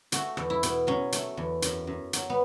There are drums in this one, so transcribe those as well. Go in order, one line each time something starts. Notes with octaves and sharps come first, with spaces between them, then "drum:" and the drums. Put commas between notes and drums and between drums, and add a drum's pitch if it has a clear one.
A3 F#4, drum: hi-hat
E2, drum: rim click
E4
B2, drum: hi-hat
F#3 C#4
A3, drum: hi-hat
E2
F#2, drum: hi-hat
F#2
F#3, drum: hi-hat
B3